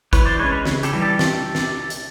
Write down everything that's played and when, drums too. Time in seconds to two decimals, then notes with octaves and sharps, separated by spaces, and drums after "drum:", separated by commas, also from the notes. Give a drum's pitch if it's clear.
0.13 E3 B4 C#5, drum: kick G#1, hi-hat
0.26 C5 D5
0.39 G#3 C#4 B4 C#5
0.52 B4 C#5
0.65 C#3, drum: snare
0.83 G4 A4, drum: hi-hat
0.93 E3 G3
1.01 G4 A4
1.19 drum: snare
1.55 drum: snare
1.90 drum: hi-hat